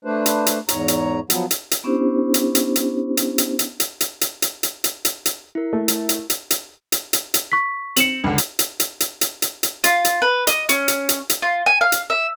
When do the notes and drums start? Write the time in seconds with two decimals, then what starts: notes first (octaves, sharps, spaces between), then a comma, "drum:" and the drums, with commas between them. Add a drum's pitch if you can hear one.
0.05 A3 D4 B4 C5
0.26 drum: hi-hat
0.46 drum: hi-hat
0.69 E2 G#2 C#5 A#5, drum: hi-hat
0.88 drum: hi-hat
1.30 F3 F#3 B3, drum: hi-hat
1.51 drum: hi-hat
1.71 drum: hi-hat
1.84 B3 C#4 D4 E4 G4 C5
2.34 drum: hi-hat
2.55 drum: hi-hat
2.76 drum: hi-hat
3.17 drum: hi-hat
3.38 drum: hi-hat
3.59 drum: hi-hat
3.80 drum: hi-hat
4.01 drum: hi-hat
4.21 drum: hi-hat
4.42 drum: hi-hat
4.63 drum: hi-hat
4.84 drum: hi-hat
5.05 drum: hi-hat
5.26 drum: hi-hat
5.55 E4 A#4
5.73 A3
5.88 drum: hi-hat
6.09 drum: hi-hat
6.30 drum: hi-hat
6.50 drum: hi-hat
6.92 drum: hi-hat
7.13 drum: hi-hat
7.34 drum: hi-hat
7.52 C#6 B6
7.96 C4 C#7 E7 F#7, drum: hi-hat
8.24 C#2 D3
8.38 drum: hi-hat
8.59 drum: hi-hat
8.80 drum: hi-hat
9.00 drum: hi-hat
9.21 drum: hi-hat
9.42 drum: hi-hat
9.63 drum: hi-hat
9.84 F4, drum: hi-hat
10.05 drum: hi-hat
10.22 B4
10.47 D#5, drum: hi-hat
10.69 C#4, drum: hi-hat
10.88 drum: hi-hat
11.09 drum: hi-hat
11.30 drum: hi-hat
11.42 F4
11.66 G#5
11.81 F5
11.92 drum: hi-hat
12.10 E5